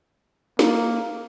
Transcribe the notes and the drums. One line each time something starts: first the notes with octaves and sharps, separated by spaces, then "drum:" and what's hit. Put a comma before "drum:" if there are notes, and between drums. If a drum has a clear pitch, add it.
A#3, drum: snare